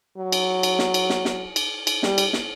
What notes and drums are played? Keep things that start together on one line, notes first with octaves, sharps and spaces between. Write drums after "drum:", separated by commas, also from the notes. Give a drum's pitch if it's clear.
F#3
drum: cymbal
drum: cymbal
drum: snare
drum: cymbal
drum: snare
drum: snare
drum: cymbal
drum: cymbal
G3, drum: snare
drum: cymbal
drum: snare